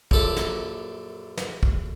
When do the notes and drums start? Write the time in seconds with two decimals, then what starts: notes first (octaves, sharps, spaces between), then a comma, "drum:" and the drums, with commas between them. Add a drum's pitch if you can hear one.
0.11 A#1 F#2 A4 B5 D6, drum: kick
0.36 drum: snare
1.37 drum: snare
1.63 drum: kick